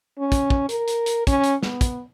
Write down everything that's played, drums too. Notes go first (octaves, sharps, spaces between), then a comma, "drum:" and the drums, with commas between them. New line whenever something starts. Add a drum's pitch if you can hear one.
C#4
drum: kick, hi-hat
drum: kick
A#4, drum: hi-hat
drum: hi-hat
drum: hi-hat
C#4, drum: kick, hi-hat
drum: hi-hat
B3, drum: snare
drum: kick, hi-hat